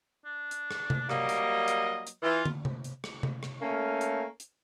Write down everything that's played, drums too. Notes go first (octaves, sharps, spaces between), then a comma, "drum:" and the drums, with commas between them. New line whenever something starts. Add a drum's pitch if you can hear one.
D4
drum: hi-hat
drum: rim click
drum: tom C3
F#3 G3 A#3 D#5, drum: rim click
drum: hi-hat
drum: hi-hat
drum: hi-hat
E3 F4
drum: tom
drum: tom C3
drum: hi-hat
drum: rim click
drum: tom C3
drum: rim click
A3 A#3 C#4
drum: hi-hat
drum: hi-hat